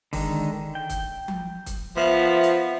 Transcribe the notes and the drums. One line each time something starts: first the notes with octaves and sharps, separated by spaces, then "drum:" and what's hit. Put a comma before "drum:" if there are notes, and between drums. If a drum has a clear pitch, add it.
D3 D#3 G#3, drum: kick, open hi-hat
G5
drum: kick, hi-hat
drum: tom F3
drum: kick, hi-hat
F3 B3 E5
drum: hi-hat